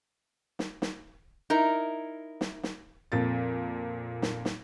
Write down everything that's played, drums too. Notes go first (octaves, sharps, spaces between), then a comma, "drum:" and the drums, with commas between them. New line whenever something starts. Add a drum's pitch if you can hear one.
drum: snare
drum: snare
D#4 E4 A#4
drum: snare
drum: snare
F2 A#2 A6
drum: snare
drum: snare